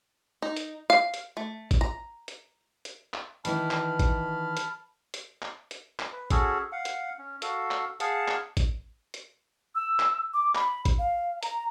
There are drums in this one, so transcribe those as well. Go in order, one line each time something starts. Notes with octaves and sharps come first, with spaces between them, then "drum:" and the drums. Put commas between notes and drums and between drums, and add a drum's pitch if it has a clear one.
D#4
drum: hi-hat
F5
drum: hi-hat
A3
drum: kick G#1, hi-hat
A#5
drum: hi-hat
drum: hi-hat
drum: clap
D#3 E3 E4 A5 B5 F6, drum: hi-hat
drum: clap
drum: kick G#1, hi-hat
drum: hi-hat
drum: hi-hat
drum: clap
drum: hi-hat
drum: clap
B4
C#4 F#4 G#4 A4, drum: kick G#1, hi-hat
F5 F#5
drum: hi-hat
C#4
F#4 A4 F5, drum: hi-hat
drum: clap
G#4 F5 F#5 A5, drum: hi-hat
drum: clap
drum: kick G#1, hi-hat
drum: hi-hat
E6
drum: clap
D6
B5, drum: clap
drum: kick G#1, hi-hat
F5
A#5, drum: hi-hat